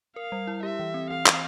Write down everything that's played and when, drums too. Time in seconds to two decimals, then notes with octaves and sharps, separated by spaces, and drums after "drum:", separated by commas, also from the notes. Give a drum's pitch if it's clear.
0.16 A#4 F5
0.32 G3
0.47 E4
0.63 G4 E5
0.79 E3
0.94 C4
1.10 E3 F5
1.26 E3, drum: clap